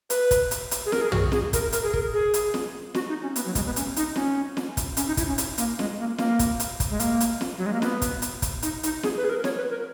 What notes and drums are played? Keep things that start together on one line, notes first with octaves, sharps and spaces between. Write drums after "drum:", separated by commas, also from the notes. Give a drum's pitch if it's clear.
B4, drum: hi-hat
drum: kick, hi-hat
drum: hi-hat
drum: hi-hat
G#4
A#4, drum: snare
G#4
F#4, drum: tom
G#4, drum: snare
A#4, drum: kick, hi-hat
A#4, drum: hi-hat
G#4
A#4, drum: kick
G#4
drum: hi-hat
drum: snare
F#4, drum: snare
D#4
C#4
B3, drum: hi-hat
F#3
G#3, drum: kick, hi-hat
B3
C#4, drum: hi-hat
D#4, drum: hi-hat
C#4, drum: snare
drum: snare
drum: kick, hi-hat
C#4, drum: hi-hat
D#4
E4, drum: kick, hi-hat
C#4
drum: hi-hat
A#3, drum: hi-hat
G#3, drum: snare
A#3
A#3, drum: snare
drum: kick, hi-hat
drum: hi-hat
drum: kick, hi-hat
G#3
A#3, drum: hi-hat
drum: hi-hat
drum: snare
F#3
G#3
A#3
B3, drum: snare
drum: kick, hi-hat
drum: hi-hat
drum: kick, hi-hat
D#4, drum: hi-hat
D#4, drum: hi-hat
G#4, drum: snare
B4
G#4
A#4
C#5, drum: snare
B4
A#4